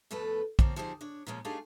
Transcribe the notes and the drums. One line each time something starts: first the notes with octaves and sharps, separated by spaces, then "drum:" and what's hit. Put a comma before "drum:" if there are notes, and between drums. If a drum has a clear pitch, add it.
F2 B2 A3 A4 B4
F3 A#3 C4 C#4, drum: kick
F3 C4 D#4 G4 G#4 C5
D4 C#5
A#2 C#3 F3 G#3 C#4
A3 D4 D#4 G4 G#4 F5